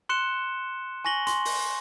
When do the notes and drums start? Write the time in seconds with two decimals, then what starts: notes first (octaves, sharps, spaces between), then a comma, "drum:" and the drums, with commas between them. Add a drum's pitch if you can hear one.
0.09 C6 F#6 C#7 E7 G7
1.05 G#5 C#6 A#6 F#7 G7
1.27 C6, drum: hi-hat
1.45 drum: open hi-hat